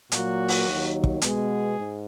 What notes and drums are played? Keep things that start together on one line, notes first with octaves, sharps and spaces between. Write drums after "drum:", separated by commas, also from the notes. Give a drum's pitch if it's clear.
A#2 F#3 A#3 F#4, drum: hi-hat
drum: open hi-hat
D#2 D#3 F#3
drum: kick
B2 G#3 B3 G#4, drum: hi-hat
G#2